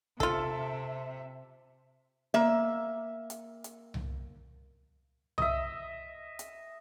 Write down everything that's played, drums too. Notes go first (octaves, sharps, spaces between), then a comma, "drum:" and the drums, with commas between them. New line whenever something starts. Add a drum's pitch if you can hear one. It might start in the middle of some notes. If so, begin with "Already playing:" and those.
C3 F4 A4 E5, drum: kick
A#3 E5
drum: hi-hat
drum: hi-hat
drum: tom C2
D#5 E5, drum: tom C2
drum: hi-hat